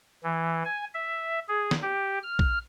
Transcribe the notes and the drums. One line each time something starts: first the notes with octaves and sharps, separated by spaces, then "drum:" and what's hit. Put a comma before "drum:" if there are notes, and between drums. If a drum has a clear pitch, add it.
E3
G#5
E5
G#4
drum: snare
G4
F6
drum: kick